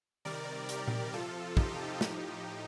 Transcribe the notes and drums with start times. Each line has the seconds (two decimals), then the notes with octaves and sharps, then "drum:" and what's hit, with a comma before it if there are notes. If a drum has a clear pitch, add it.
0.25 C3 D#3 G3 A#4 D5
0.69 G4 A#4, drum: hi-hat
0.88 drum: tom A#2
1.13 C3 F3 F4 A4
1.57 D#4 G4, drum: kick
2.01 A2 F3, drum: snare